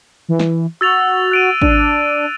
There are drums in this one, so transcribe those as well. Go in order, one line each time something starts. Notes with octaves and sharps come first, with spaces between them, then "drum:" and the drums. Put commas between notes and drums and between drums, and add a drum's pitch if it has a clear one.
E3
drum: snare
F#4 E6 A6 F7
F#6 D7 D#7
D4, drum: kick